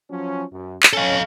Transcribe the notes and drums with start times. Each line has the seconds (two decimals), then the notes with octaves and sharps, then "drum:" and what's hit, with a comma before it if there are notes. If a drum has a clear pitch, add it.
0.10 F3 F#3 C#4
0.52 F#2
0.83 drum: clap
0.93 C#4 A4 F5